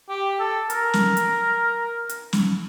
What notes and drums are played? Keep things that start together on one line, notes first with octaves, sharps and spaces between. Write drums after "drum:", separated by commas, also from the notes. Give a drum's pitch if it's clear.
G4
A4
A#4, drum: hi-hat
drum: snare
drum: hi-hat
drum: hi-hat
drum: snare